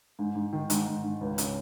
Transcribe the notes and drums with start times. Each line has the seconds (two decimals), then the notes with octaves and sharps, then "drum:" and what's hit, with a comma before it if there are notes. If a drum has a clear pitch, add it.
0.19 G#2
0.35 G#2
0.53 D#3
0.70 G#2, drum: hi-hat
0.87 G#2
1.03 G#2
1.21 C#2
1.38 C#3, drum: hi-hat